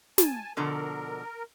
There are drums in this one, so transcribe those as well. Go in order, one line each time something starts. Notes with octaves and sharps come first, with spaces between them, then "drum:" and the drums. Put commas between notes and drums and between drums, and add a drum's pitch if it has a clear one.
G#5 A5, drum: snare
B2 D3 F3 A#4